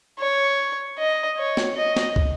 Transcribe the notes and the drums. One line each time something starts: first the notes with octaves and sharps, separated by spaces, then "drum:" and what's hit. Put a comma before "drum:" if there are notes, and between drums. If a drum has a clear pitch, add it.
C#5
D#5
C#5
drum: snare
D#5
drum: snare
drum: kick